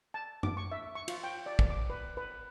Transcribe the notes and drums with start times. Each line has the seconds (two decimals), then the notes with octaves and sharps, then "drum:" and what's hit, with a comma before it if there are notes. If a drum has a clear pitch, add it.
0.14 A5
0.43 D6, drum: tom
0.57 C#6
0.72 E5
0.95 C#6
1.08 F4, drum: cymbal
1.24 G5
1.46 D5
1.59 drum: kick
1.70 D6
1.90 B4
2.17 B4